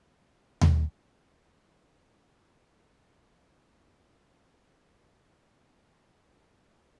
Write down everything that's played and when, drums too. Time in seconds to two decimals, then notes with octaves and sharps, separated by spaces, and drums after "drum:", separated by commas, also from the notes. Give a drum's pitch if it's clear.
0.18 B2 F4
0.61 drum: tom D#2
1.28 A2
3.23 D7
4.31 D#6 G#6